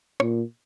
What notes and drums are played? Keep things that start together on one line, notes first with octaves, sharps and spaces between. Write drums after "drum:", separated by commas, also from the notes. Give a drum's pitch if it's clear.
A#2, drum: rim click